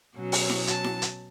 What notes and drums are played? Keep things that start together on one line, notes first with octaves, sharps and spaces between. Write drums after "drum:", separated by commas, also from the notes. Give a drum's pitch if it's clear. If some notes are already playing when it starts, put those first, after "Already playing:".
B2 F#3 C#4
drum: open hi-hat
drum: snare E4
A5, drum: hi-hat
drum: snare E4
drum: hi-hat